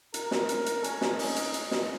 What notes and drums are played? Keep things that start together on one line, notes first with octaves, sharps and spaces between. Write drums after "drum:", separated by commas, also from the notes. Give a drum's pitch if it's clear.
A#4, drum: hi-hat
drum: snare
drum: hi-hat
drum: hi-hat
C#4, drum: hi-hat
drum: snare
D#4, drum: open hi-hat
drum: hi-hat
drum: hi-hat
drum: snare